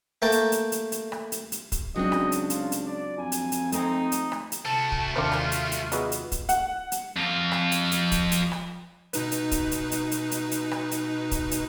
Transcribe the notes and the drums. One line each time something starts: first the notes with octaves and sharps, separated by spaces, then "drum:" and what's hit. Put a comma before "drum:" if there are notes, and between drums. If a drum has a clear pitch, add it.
A3 A#3 A#4 G5 A5
drum: hi-hat
drum: hi-hat
drum: hi-hat
drum: hi-hat
drum: rim click
drum: hi-hat
drum: hi-hat
drum: kick, hi-hat
C#2 F#3 C4 D4 D#5
drum: rim click
drum: hi-hat
F4, drum: hi-hat
drum: hi-hat
D5
F2 G#5
drum: hi-hat
drum: hi-hat
A3 C4 D#4, drum: hi-hat
drum: hi-hat
drum: rim click
drum: hi-hat
C3 A3 F#4 A5
drum: kick
D#2 C3 D#3 D4 F4 A#4 C5
drum: rim click
drum: hi-hat
drum: hi-hat
F#3 B3 D#4 F4 G#4 E5, drum: hi-hat
drum: hi-hat
drum: kick, hi-hat
F#5, drum: hi-hat
drum: hi-hat
F2 F4
drum: rim click
drum: hi-hat
drum: hi-hat
drum: kick, hi-hat
drum: hi-hat
drum: rim click
B2 D#4 B4, drum: hi-hat
drum: hi-hat
drum: kick, hi-hat
drum: hi-hat
drum: hi-hat
drum: hi-hat
drum: hi-hat
drum: hi-hat
drum: rim click
drum: hi-hat
drum: kick, hi-hat
drum: hi-hat